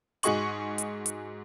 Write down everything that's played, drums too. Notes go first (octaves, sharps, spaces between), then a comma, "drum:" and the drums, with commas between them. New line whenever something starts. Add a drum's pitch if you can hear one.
G#2 F#4 G#4 D#5 C#6 F#7, drum: hi-hat
drum: hi-hat
drum: hi-hat